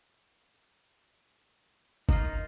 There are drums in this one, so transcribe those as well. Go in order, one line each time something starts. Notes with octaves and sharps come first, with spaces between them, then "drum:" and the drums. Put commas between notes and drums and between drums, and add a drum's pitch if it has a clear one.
A#3 D#4 F4, drum: kick G1